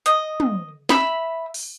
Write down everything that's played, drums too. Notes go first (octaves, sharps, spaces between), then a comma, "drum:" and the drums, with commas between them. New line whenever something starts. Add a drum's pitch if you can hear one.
D#5, drum: hi-hat
drum: tom
E5 B5 E6, drum: snare
drum: open hi-hat